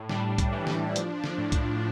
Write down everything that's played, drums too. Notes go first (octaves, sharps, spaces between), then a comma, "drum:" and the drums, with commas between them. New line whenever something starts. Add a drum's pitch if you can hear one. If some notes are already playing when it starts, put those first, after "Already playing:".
Already playing: A2
G3 D4, drum: snare
drum: kick C2, hi-hat
E3
drum: snare
F3, drum: hi-hat
drum: snare
A2
drum: kick C2, hi-hat